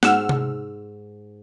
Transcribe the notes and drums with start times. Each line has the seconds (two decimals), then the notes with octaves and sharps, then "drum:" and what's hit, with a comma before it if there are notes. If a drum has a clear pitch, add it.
0.03 G#2 F#5 E6 F6, drum: snare
0.29 drum: tom C3